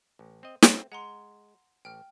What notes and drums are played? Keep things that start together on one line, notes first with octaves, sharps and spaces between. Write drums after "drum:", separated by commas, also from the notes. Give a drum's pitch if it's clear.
A1
C4 D#5
A3 C4, drum: snare
G#3 F#5 A#5 C6
A1 G5 F6